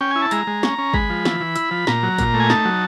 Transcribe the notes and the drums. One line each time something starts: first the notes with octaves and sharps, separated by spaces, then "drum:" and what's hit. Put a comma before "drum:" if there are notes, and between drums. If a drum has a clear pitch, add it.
C#4 G5
E4 G#5
A5
G#3 A#5, drum: hi-hat
G#3
C#4, drum: snare
C#4
G#3 B5, drum: kick
F3
E3, drum: snare
E3
E4, drum: hi-hat
F3
A#2 A#5, drum: snare
F#3
A#2, drum: kick, hi-hat
A3
G#5
D#4 A5, drum: snare
F#3